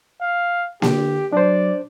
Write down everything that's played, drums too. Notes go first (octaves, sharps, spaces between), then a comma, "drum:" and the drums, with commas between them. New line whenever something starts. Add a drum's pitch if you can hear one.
F5
D3 G4, drum: snare A#3
F#3 D4 C5 D5